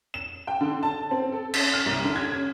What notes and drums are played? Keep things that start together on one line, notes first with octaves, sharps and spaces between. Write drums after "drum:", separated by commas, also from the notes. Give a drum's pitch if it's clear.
E7
G5
D3
A5
C4
A4
C#4, drum: cymbal
F6
C2
D3
G#6
C#4